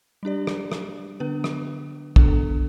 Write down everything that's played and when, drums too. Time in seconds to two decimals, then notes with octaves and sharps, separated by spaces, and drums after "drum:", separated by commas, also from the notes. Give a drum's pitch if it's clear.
0.23 G3 D4 G4 D5
0.47 drum: rim click
0.72 drum: rim click
1.20 D3 B3 D4 B4
1.44 drum: rim click
2.16 D3 B3 D4 A4, drum: kick